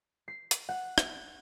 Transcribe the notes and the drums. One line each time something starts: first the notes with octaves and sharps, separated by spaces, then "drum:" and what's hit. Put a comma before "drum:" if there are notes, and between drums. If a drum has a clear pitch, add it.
C7
drum: hi-hat
F#5
drum: rim click